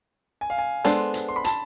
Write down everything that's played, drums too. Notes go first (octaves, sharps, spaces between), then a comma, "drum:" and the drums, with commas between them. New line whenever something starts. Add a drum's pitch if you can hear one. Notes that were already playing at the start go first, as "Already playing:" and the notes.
G#5
F5
G#5
G#3 B3 D4 A4 C5 C6, drum: hi-hat
drum: hi-hat
C6
B5
A5, drum: hi-hat